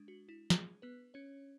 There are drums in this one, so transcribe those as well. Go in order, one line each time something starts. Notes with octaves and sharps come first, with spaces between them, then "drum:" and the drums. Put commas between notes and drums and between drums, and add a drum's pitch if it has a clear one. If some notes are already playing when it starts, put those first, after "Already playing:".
Already playing: G#3 D4
F#4
E4
G#3 G#4, drum: snare
B3 B4
C#4 C#5